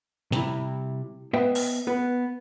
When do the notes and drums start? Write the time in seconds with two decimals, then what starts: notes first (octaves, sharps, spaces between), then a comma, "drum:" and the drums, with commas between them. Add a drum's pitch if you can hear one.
0.32 C3 G3 E4, drum: snare
1.33 B3 B4 C5 D#5 E5 G5
1.55 drum: open hi-hat
1.87 B3 B4